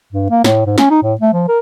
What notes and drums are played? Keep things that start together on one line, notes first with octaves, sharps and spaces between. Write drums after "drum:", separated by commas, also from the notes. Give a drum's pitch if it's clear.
G2
A#3
A2, drum: snare
G#2
C#4, drum: snare
D#4
A2
A3
F3
A#4